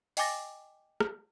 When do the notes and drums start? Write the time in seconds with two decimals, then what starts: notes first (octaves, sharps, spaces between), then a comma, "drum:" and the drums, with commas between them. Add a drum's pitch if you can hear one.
0.17 D#5 G5 G#5 D6 A6 A#6, drum: open hi-hat
1.00 drum: rim click